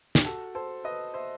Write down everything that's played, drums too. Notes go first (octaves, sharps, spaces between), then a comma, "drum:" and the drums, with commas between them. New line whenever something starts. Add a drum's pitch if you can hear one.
G4, drum: snare
F#4 A4
A4 C5
B4 D#5
C5 E5